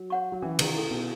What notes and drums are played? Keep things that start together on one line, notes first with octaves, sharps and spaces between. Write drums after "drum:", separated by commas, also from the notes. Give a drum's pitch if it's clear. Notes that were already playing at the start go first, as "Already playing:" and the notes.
Already playing: F#3
C#5 F#5 C#6
F#3
E3 C#4
D#3, drum: cymbal
E4 A4
B2